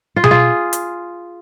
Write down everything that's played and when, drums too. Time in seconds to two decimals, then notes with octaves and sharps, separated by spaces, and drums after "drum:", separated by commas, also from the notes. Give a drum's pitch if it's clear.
0.16 F4
0.24 G#4, drum: tom B2
0.31 F4
0.73 drum: hi-hat